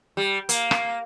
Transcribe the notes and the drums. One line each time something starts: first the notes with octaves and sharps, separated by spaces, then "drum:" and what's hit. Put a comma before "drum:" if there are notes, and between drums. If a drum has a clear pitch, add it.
G3
A#3, drum: hi-hat
drum: rim click